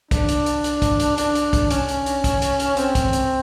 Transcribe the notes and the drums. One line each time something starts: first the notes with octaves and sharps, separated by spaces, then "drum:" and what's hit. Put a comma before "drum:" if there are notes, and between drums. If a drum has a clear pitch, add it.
D4, drum: kick, hi-hat
drum: hi-hat
drum: hi-hat
drum: hi-hat
drum: kick, hi-hat
drum: hi-hat
D4, drum: hi-hat
drum: hi-hat
drum: kick, hi-hat
C#4, drum: hi-hat
drum: hi-hat
drum: hi-hat
drum: kick, hi-hat
drum: hi-hat
drum: hi-hat
C4, drum: hi-hat
drum: kick, hi-hat
drum: hi-hat